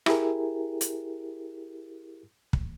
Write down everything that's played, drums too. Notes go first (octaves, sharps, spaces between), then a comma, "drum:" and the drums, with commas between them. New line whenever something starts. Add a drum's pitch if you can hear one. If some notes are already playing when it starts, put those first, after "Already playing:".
E4 G4 G#4 A#4, drum: rim click
drum: hi-hat
drum: kick